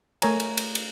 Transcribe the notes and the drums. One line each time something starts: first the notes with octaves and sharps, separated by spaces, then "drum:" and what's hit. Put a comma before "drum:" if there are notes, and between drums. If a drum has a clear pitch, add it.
A3 A#4 C#5 G#5 A#5, drum: cymbal
drum: cymbal
drum: cymbal
drum: cymbal